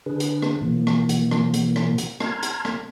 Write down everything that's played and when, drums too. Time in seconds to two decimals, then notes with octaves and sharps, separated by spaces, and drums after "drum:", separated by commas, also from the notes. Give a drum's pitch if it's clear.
0.06 D3 D4 G#4 B4
0.20 drum: hi-hat
0.42 drum: rim click
0.62 B2 E3 F3 A#3
0.87 drum: rim click
1.09 drum: hi-hat
1.31 drum: rim click
1.54 drum: hi-hat
1.76 drum: rim click
1.98 drum: hi-hat
2.20 A5 A#5 C6 F6 G#6, drum: rim click
2.43 drum: hi-hat
2.65 drum: rim click